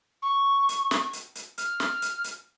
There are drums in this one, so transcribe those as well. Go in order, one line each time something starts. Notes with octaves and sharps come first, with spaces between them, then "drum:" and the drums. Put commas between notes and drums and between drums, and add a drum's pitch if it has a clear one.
C#6
drum: hi-hat
drum: snare
drum: hi-hat
drum: hi-hat
F6, drum: hi-hat
drum: snare
drum: hi-hat
drum: hi-hat